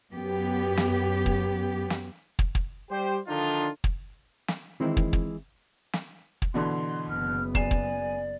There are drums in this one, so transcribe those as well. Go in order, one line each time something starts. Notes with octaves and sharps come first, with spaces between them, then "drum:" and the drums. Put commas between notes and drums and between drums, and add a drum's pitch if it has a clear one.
F#2 B3 G4
drum: snare
drum: kick
drum: snare
drum: kick
drum: kick
G3 G4 C5
D3 D#3 F3 D4 D#4 F4
drum: kick
drum: snare
D#3 E3 G#3 C4 E4
drum: kick
drum: kick
drum: snare
drum: kick
B2 D3 E3 C6
F#1 B3 F6
D5 G#5 C7 E7, drum: kick
drum: kick